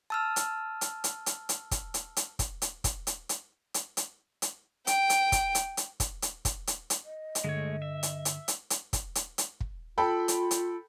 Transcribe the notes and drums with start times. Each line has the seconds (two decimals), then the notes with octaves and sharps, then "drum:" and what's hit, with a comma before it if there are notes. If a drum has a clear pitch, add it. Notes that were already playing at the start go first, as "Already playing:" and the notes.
0.10 A5 E6 F6
0.36 drum: hi-hat
0.81 drum: hi-hat
1.04 drum: hi-hat
1.26 drum: hi-hat
1.49 drum: hi-hat
1.71 drum: kick, hi-hat
1.94 drum: hi-hat
2.16 drum: hi-hat
2.39 drum: kick, hi-hat
2.62 drum: hi-hat
2.84 drum: kick, hi-hat
3.07 drum: hi-hat
3.29 drum: hi-hat
3.74 drum: hi-hat
3.97 drum: hi-hat
4.42 drum: hi-hat
4.87 G5, drum: hi-hat
5.10 drum: hi-hat
5.32 drum: kick, hi-hat
5.55 drum: hi-hat
5.77 drum: hi-hat
6.00 drum: kick, hi-hat
6.22 drum: hi-hat
6.45 drum: kick, hi-hat
6.67 drum: hi-hat
6.90 drum: hi-hat
7.05 D#5
7.35 drum: hi-hat
7.44 G2 D3 G#3 A3 C#5
7.82 E5
8.03 drum: hi-hat
8.25 drum: hi-hat
8.48 drum: hi-hat
8.70 drum: hi-hat
8.93 drum: kick, hi-hat
9.15 drum: hi-hat
9.38 drum: hi-hat
9.60 drum: kick
9.98 F4 A4 G5 B5
10.28 drum: hi-hat
10.51 drum: hi-hat